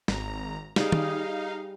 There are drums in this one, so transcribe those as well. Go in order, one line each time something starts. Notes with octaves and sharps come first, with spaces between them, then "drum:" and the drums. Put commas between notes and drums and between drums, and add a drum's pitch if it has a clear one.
G#1 A#5, drum: snare
G3 D#4 G#4 F5, drum: snare
drum: tom